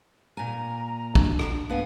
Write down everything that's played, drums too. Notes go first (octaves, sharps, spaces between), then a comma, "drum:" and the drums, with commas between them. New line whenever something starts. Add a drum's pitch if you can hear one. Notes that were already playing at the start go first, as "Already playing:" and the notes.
A#2 G#5 A#5
D4, drum: kick
drum: rim click
G2 B3 F5 G#5